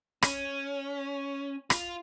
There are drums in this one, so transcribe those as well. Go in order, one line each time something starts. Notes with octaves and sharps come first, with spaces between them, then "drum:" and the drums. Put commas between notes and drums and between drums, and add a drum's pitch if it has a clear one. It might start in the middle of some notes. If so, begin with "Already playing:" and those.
C#4, drum: rim click
F4, drum: rim click